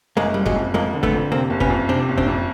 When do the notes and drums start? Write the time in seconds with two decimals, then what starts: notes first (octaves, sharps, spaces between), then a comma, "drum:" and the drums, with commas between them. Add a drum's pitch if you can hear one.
0.16 F#1 G#3 A#3
0.34 F#1 G3
0.46 F#3 G#3, drum: kick G1
0.56 F2
0.74 F2 G#3 A#3
0.94 D3
1.03 A3 B3, drum: kick G1
1.13 F2
1.32 C3 A#3 C4
1.50 F#1
1.60 B3 C#4, drum: kick G1
1.70 F2
1.89 C3 C4 D4
2.09 F#1
2.18 C4 D4, drum: kick G1
2.27 F2